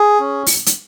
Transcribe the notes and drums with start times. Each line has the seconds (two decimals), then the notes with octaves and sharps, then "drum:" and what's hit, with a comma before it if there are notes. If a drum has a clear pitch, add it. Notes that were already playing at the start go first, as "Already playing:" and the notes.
Already playing: G#4
0.20 C#4
0.46 drum: open hi-hat
0.66 drum: hi-hat